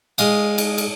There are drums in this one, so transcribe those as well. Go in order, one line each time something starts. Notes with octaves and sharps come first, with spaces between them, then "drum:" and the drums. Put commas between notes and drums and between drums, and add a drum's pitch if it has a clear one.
G#3 F5 D#6, drum: cymbal
drum: cymbal
drum: cymbal